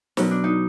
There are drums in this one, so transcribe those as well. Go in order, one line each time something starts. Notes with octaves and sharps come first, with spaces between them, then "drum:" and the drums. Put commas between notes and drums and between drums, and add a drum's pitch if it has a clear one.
B2 F#3 C#4, drum: snare
D4
D#4